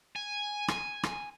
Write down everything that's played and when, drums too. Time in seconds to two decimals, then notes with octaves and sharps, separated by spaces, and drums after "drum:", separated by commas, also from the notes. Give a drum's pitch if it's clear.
0.16 G#5
0.68 drum: rim click
1.03 drum: rim click